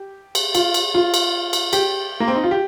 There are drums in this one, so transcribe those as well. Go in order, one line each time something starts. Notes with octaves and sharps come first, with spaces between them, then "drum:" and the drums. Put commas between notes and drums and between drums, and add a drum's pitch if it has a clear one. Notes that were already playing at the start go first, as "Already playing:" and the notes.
Already playing: G4
drum: cymbal
F4, drum: cymbal
drum: cymbal
F4
drum: cymbal
drum: cymbal
G4, drum: cymbal
A#3
C4
D#4
F4
G4